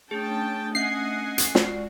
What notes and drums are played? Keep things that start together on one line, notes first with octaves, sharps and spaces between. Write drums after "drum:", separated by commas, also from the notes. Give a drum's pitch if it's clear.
A3 C#4 D4 G#4 G5 A5 D#6
C#4 D#5 E5 F#5 G#5 C7
drum: hi-hat
G#3 F4 F#4 D5, drum: snare